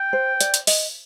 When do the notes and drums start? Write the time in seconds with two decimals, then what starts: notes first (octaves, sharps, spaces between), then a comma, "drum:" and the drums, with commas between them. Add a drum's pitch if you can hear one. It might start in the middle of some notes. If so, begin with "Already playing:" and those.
Already playing: G5
0.13 C5
0.41 D5, drum: hi-hat
0.54 drum: hi-hat
0.67 D#5, drum: open hi-hat